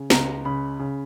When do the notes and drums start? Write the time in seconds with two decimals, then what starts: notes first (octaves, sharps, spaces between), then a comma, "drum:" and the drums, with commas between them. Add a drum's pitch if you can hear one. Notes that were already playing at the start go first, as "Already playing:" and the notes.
Already playing: C#3
0.10 C#2 A#5, drum: snare
0.45 C#3 B5
0.79 C#3